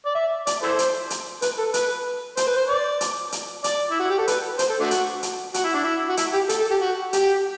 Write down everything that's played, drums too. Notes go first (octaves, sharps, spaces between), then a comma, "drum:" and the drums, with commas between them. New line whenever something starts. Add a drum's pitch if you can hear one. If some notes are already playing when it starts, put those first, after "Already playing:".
D5
E5
D5, drum: hi-hat
E4 A4 C5
drum: hi-hat
drum: hi-hat
B4, drum: hi-hat
A4
B4, drum: hi-hat
C5, drum: hi-hat
B4
C5
D5
drum: hi-hat
drum: hi-hat
D5, drum: hi-hat
E4
F#4
G4
A4
B4, drum: hi-hat
C5, drum: hi-hat
A4
A3 D4 F#4
drum: hi-hat
drum: hi-hat
F#4, drum: hi-hat
E4
D4
E4
F#4
E4, drum: hi-hat
G4
A4, drum: hi-hat
A4
G4
F#4
G4, drum: hi-hat